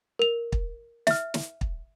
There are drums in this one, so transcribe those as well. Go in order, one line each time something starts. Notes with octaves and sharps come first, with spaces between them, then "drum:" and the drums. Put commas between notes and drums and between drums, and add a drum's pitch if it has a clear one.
A#4 F7
drum: kick
E5 F6, drum: snare
drum: snare
drum: kick